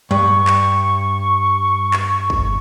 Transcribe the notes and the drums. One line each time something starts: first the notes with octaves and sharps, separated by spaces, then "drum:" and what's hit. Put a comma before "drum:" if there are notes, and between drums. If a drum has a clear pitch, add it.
G2 C#6
drum: clap
drum: clap
drum: kick